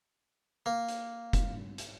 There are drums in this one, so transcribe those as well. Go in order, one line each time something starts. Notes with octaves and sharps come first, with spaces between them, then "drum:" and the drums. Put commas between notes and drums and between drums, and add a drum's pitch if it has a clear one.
A#3
drum: hi-hat
drum: kick F1, hi-hat
drum: hi-hat